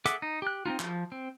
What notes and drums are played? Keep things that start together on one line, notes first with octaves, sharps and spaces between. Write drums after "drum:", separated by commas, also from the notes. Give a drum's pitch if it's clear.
G#4 A4 E5 F#5 D6, drum: hi-hat
D#4
G4 F#6
C4 C#4 D#4 F4
F3, drum: clap
C4